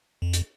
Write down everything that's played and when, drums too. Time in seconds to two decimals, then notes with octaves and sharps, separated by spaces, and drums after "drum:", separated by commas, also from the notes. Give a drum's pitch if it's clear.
0.22 F2
0.33 drum: hi-hat